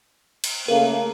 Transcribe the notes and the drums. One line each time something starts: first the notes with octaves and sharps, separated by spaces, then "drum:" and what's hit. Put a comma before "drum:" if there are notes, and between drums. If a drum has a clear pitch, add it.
drum: cymbal
C#3 A3 A#3 A#4